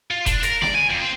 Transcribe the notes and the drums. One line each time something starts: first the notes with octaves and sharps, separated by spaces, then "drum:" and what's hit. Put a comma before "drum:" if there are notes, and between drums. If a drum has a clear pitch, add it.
F4
D4, drum: kick F1, hi-hat
A#4, drum: hi-hat
D5, drum: snare
G#5
F2
C4